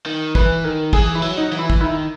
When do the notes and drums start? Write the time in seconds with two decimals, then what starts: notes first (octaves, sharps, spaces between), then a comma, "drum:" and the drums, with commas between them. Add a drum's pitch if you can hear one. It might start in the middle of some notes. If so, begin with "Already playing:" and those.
0.06 D#3
0.35 E3 B4, drum: kick
0.64 D#3 A#4
0.93 E3 G#4, drum: kick
1.15 E4
1.22 F#3
1.37 D#4
1.52 E3
1.59 E4
1.70 drum: kick
1.81 D#3 E4